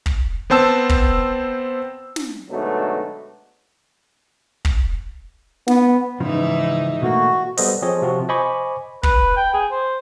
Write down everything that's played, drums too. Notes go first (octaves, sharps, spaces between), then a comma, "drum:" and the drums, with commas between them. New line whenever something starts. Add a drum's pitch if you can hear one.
drum: kick
B3 C4 C5 A5 E6
drum: kick
drum: snare
G#2 B2 D3 F#3 A3
drum: kick
B3, drum: snare
G#2 C#3 E3 F3 D#4
B2 A3 A#3 F#4
G3 B3 A4 C5 D#5, drum: open hi-hat
F3 C4 G#4 C#5 D#5
C3 F3 F#4
C5 D#5 G#5 B5 C#6 D6
B4, drum: kick
G5
G#4
C5